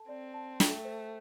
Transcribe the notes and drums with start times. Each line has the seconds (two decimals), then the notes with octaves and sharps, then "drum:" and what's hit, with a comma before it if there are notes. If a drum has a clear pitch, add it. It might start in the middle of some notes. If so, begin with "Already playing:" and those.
Already playing: A4 A5
0.09 C4 D5
0.34 A5
0.60 A3 G5, drum: snare
0.85 C5